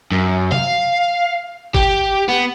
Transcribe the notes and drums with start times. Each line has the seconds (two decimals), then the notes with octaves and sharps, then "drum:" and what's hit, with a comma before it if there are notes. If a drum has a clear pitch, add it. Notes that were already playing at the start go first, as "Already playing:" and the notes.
0.11 F#2
0.52 F5, drum: tom C3
1.74 G4, drum: kick
2.29 B3